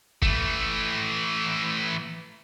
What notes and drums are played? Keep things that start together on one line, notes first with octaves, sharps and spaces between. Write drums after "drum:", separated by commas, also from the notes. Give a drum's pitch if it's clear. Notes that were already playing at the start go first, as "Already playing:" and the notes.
E3 A3, drum: kick F#1